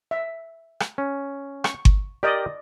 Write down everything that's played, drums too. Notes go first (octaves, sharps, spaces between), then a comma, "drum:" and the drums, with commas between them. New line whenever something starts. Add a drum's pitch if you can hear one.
E5
drum: rim click
C#4
C#6, drum: rim click
drum: kick G1
G4 A#4 D5 D#5 G5